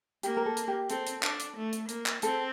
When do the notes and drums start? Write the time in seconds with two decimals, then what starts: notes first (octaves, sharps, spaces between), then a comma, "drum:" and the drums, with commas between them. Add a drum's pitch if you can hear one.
0.23 A#3 G4, drum: hi-hat
0.37 A#4
0.46 A4
0.57 drum: hi-hat
0.68 G4
0.90 C4 A4, drum: hi-hat
1.07 drum: hi-hat
1.23 D4, drum: clap
1.40 drum: hi-hat
1.57 A3
1.73 drum: hi-hat
1.89 A#3, drum: hi-hat
2.06 drum: clap
2.22 C4 A4, drum: hi-hat